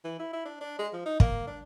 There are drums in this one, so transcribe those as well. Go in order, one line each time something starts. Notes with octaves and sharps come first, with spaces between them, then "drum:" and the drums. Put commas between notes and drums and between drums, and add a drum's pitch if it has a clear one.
E3
E4
E4
D4
D4
G#3
F3
D#4
A#3, drum: kick
D4